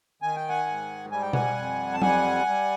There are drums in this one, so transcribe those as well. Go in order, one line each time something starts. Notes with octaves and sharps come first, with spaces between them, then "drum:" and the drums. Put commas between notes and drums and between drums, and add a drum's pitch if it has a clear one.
D#3 G#5
G5
F#5 G#5
G#2
G3 G#5
G5
F#5 G#5, drum: tom B2
F2
A5
G3 F#5 G#5, drum: tom F#3
G3